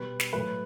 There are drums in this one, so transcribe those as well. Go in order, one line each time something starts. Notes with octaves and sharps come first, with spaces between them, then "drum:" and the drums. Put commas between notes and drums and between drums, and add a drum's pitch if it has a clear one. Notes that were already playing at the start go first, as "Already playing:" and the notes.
Already playing: B2 G3 B4
drum: snare
A2 F#3 B4